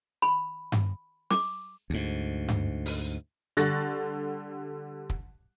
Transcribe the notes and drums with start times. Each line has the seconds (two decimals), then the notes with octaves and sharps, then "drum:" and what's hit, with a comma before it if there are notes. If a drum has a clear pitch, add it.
0.22 B5
0.72 drum: tom G2
1.31 D6, drum: snare
1.90 D2 G#2
2.48 drum: tom G2
2.86 drum: open hi-hat
3.57 D3 G3 C#6 F#6 A6 A#6, drum: hi-hat
5.10 drum: kick